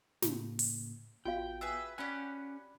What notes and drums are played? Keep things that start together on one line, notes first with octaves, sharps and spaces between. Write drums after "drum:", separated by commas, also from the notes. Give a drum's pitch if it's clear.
A2 C#3 A#3, drum: snare
drum: open hi-hat
A1 B3 F4 F#4 F5 G5
G#4 B4 E5 E6
C#4 G4 D5 F#5 G#5 B5 F#6